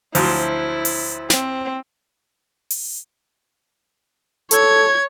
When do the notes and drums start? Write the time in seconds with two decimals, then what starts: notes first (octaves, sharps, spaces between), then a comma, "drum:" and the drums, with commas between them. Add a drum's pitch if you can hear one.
0.15 D2 F3 F#3 E4 C5 C6, drum: open hi-hat
0.85 drum: open hi-hat
1.30 C4, drum: snare
2.70 drum: open hi-hat
4.51 A4 C#5 G#6, drum: hi-hat